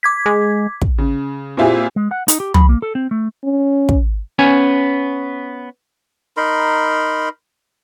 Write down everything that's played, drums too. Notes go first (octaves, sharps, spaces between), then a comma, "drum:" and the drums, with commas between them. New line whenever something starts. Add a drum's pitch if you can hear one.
D6 G#6 B6
G#3
drum: kick
C#3
A#2 C4 E4 F4 G4 G#4
G#3
F#5
D#4, drum: hi-hat
G4
B5, drum: tom
A#3
A4
C4
A3
C#4
drum: kick
B3 C#4 G#5
D#4 A#4 B5 C6